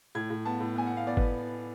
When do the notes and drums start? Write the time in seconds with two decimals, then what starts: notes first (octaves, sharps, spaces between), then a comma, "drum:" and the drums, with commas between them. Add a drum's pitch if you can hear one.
0.15 A2 G#6
0.30 A2
0.45 B3 A5
0.60 A2
0.76 B3 G#5
0.87 F#5
0.91 B3
0.97 F5
1.06 B3 D5
1.17 B4, drum: kick G1
1.22 B3